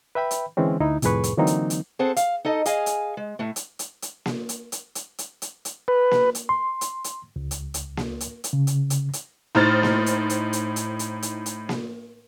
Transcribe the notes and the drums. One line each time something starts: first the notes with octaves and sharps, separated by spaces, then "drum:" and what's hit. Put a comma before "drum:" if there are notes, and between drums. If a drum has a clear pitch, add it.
B4 E5 G5 B5
drum: hi-hat
D3 E3 G#3 C4 C#4
D2 D#4 E4
C2 F2 A2 G#4 B4 C#6, drum: hi-hat
drum: hi-hat
D3 E3 F#3 A#3 C4 D#4
drum: hi-hat
drum: hi-hat
C4 G#4 A4 C5 F#5
F5, drum: hi-hat
D#4 A4 D#5
G#4 D#5 F5 G#5, drum: hi-hat
drum: hi-hat
G#3
A2 A3
drum: hi-hat
drum: hi-hat
drum: hi-hat
drum: snare A#3
drum: hi-hat
drum: hi-hat
drum: hi-hat
drum: hi-hat
drum: hi-hat
drum: hi-hat
B4
drum: snare A#3
drum: hi-hat
C6
drum: hi-hat
drum: hi-hat
C#2
drum: hi-hat
drum: hi-hat
drum: snare A#3
drum: hi-hat
drum: hi-hat
C#3
drum: hi-hat
drum: hi-hat
drum: hi-hat
A2 D#4 C5 F6 A6
drum: snare A#3
drum: hi-hat
drum: hi-hat
drum: hi-hat
drum: hi-hat
drum: hi-hat
drum: hi-hat
drum: hi-hat
drum: snare A#3